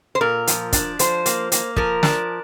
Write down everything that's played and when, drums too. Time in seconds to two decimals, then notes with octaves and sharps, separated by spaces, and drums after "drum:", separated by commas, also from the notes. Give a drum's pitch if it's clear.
0.15 C5
0.21 A#2 A#4
0.47 F3, drum: hi-hat
0.73 D4, drum: kick, hi-hat
0.99 F3 C5, drum: hi-hat
1.26 A#3, drum: hi-hat
1.52 A#3, drum: hi-hat
1.76 F3 A#4, drum: kick
2.03 D4, drum: snare